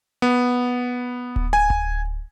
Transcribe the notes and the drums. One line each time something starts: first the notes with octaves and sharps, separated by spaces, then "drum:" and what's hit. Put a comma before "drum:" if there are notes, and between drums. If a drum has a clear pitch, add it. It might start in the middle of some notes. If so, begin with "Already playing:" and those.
B3
drum: kick D1
G#5
drum: kick D1